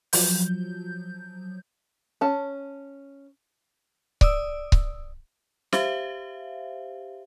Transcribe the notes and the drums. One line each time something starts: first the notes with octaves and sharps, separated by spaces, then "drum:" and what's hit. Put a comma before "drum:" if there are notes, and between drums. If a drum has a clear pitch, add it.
F3 F#3 G6, drum: open hi-hat
C#4 A5
D5 D#6 E6, drum: kick C#1
drum: kick C#1
G4 C5 E5 F5, drum: snare